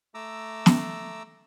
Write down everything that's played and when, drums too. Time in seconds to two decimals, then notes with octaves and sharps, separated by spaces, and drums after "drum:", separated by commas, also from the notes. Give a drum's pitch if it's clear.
0.14 A3 A#5 D6 E6
0.66 drum: snare